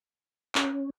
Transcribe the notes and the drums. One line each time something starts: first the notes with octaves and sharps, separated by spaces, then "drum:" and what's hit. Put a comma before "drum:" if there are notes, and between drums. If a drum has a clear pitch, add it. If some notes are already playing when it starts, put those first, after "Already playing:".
C#4, drum: clap